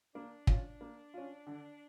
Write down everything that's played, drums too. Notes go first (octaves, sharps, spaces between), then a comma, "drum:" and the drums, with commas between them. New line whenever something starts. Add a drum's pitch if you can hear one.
A#3 D4
C#4 F4, drum: kick
A#3
C#4 F4
D3